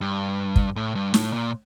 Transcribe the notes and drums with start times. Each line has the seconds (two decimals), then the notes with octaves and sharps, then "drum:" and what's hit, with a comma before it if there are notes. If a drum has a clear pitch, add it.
0.01 G2
0.56 drum: kick
0.76 A2
0.95 G2
1.14 A2, drum: snare
1.33 A#2